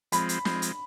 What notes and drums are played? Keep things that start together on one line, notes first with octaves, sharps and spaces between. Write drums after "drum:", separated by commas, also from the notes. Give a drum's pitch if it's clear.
F3 G#3 C4 B5, drum: hi-hat
drum: hi-hat
F3 G#3 C4, drum: snare
drum: hi-hat